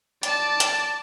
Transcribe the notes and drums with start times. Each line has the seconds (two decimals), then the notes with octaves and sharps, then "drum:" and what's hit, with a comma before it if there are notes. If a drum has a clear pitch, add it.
0.23 D5 A5, drum: hi-hat
0.60 drum: hi-hat